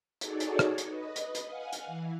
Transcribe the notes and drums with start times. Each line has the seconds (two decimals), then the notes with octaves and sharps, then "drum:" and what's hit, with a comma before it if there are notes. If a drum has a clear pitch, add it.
0.21 D#4 F#4 G#4 A4 C#5 D5, drum: hi-hat
0.40 drum: hi-hat
0.59 drum: rim click
0.78 drum: hi-hat
0.87 B4 D#5
1.16 drum: hi-hat
1.35 drum: hi-hat
1.46 F5 F#5 G#5
1.73 drum: hi-hat
1.86 E3